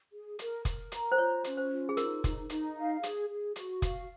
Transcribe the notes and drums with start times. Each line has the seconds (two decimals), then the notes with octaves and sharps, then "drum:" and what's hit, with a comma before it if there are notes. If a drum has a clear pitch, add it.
0.12 G#4
0.39 A#4, drum: hi-hat
0.65 A#4, drum: kick F1, hi-hat
0.92 A#5, drum: hi-hat
1.12 C5
1.18 F4 C#5
1.44 C#4, drum: hi-hat
1.57 C5
1.71 F4
1.89 G#4
1.97 D#4 A#4, drum: hi-hat
2.24 D#4, drum: kick F1, hi-hat
2.50 D#4, drum: hi-hat
2.77 F5
3.03 G#4, drum: hi-hat
3.29 G#4
3.56 F#4, drum: hi-hat
3.82 F5, drum: kick F1, hi-hat